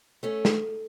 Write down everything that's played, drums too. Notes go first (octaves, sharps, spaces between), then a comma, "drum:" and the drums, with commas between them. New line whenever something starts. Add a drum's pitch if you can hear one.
A3 C#4
drum: snare